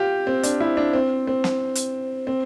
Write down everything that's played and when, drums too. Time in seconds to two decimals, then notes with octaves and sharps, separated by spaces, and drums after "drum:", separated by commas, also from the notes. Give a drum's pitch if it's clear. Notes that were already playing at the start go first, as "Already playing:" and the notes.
Already playing: F4 G4
0.27 C4
0.43 D4, drum: hi-hat
0.60 E4
0.77 D4
0.93 C4
1.27 C4
1.44 drum: snare
1.75 drum: hi-hat
2.27 C4